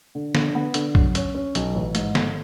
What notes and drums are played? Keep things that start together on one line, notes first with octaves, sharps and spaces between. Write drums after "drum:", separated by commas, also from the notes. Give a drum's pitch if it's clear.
D3
D3, drum: snare
B3
D3, drum: hi-hat
F#3, drum: kick A#1
C#4, drum: hi-hat
C#4
B1, drum: hi-hat
A1
G#2, drum: hi-hat
A3, drum: snare